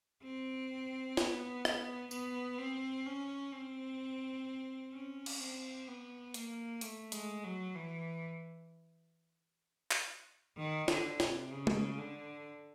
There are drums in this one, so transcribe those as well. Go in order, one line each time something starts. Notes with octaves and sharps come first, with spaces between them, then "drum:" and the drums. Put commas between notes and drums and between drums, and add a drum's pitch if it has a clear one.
C4
B3, drum: snare
drum: rim click
B3, drum: tambourine
C4
C#4
C4
C#4
drum: cymbal
C4
B3
A#3, drum: hi-hat
A3, drum: hi-hat
G#3, drum: hi-hat
F#3
E3
drum: clap
D#3
D3, drum: snare
C3, drum: snare
C#3
drum: tom G#3
D3